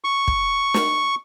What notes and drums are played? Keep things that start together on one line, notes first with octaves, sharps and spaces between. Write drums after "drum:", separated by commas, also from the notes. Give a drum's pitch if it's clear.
C#6
drum: kick
drum: snare